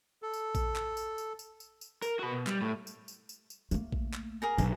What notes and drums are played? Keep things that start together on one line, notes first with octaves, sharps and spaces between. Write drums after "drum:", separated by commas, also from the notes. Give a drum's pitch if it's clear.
A4
drum: tambourine
drum: kick A#1, tambourine
drum: clap
drum: tambourine
drum: tambourine
drum: tambourine
drum: tambourine
drum: tambourine
A#4, drum: tambourine
F#4 B4
B2
G3, drum: clap
A2
drum: tambourine
drum: tambourine
drum: tambourine
drum: tambourine
A3 A#3, drum: tambourine
drum: kick A#1
drum: clap
G#4 A#4 A#5
B1 D4, drum: tambourine